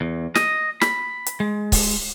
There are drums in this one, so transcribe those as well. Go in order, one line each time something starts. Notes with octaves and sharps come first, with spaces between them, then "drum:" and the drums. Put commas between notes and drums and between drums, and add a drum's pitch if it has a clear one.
E2
D#5, drum: snare
B5, drum: snare
drum: hi-hat
G#3
drum: kick C#1, open hi-hat